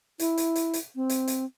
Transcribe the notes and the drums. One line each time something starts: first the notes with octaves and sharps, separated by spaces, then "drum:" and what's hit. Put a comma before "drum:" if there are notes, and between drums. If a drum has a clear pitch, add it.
E4, drum: hi-hat
drum: hi-hat
drum: hi-hat
drum: hi-hat
C4
drum: hi-hat
drum: hi-hat